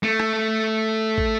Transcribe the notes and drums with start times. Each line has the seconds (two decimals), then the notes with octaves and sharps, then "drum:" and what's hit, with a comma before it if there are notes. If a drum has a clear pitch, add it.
0.03 A3
0.20 drum: rim click
1.18 drum: kick